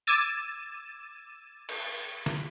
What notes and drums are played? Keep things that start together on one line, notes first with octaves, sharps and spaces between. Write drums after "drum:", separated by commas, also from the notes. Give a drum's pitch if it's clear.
D6 E6 G#6 A6 D#7 E7
drum: cymbal
drum: snare